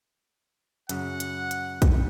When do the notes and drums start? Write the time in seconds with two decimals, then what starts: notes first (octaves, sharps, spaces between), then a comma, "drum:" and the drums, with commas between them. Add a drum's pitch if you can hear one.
0.89 F#2 C#3 F#5, drum: hi-hat
1.20 drum: hi-hat
1.51 drum: hi-hat
1.82 drum: kick, hi-hat